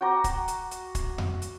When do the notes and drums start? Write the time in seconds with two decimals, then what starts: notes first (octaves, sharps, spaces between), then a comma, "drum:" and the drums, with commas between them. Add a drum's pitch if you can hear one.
0.01 F#4 G5 A#5 D6
0.24 drum: kick, hi-hat
0.48 drum: hi-hat
0.71 drum: hi-hat
0.95 drum: kick, hi-hat
1.18 drum: tom F2
1.42 drum: hi-hat